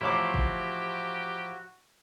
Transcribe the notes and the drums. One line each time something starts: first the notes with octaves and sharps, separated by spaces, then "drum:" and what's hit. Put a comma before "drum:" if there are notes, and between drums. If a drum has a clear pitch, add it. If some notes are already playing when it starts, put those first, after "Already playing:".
A1 F3 E4 F#4 G4 C#5 D6
drum: kick